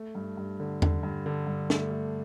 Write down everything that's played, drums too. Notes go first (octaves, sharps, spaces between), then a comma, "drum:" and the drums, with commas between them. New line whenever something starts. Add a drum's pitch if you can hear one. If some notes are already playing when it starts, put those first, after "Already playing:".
Already playing: A3
G2
G2
D3
D3, drum: tom E2
G2
D3
G2
A3, drum: snare
A3